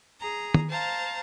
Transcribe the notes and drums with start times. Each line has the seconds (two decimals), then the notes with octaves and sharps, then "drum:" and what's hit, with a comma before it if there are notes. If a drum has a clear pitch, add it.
0.20 G#4 A#5
0.54 drum: tom
0.71 C5 F5 A5 A#5